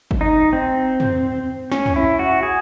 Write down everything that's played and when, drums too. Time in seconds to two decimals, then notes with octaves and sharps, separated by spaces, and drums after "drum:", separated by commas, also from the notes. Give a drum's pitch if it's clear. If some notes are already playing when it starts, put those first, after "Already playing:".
0.11 drum: kick
0.21 D#4
0.53 C4
1.00 drum: tom
1.72 C#4, drum: snare
1.86 drum: tom
1.96 E4
2.19 F#4
2.43 G#4